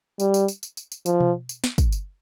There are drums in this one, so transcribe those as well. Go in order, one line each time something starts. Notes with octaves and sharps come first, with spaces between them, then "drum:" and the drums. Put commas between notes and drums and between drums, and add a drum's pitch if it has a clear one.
G3, drum: tambourine
drum: tambourine
drum: tambourine
drum: tambourine
drum: tambourine
drum: tambourine
F3, drum: tambourine
drum: tom B2
drum: tambourine
drum: snare
drum: kick, tambourine
drum: tambourine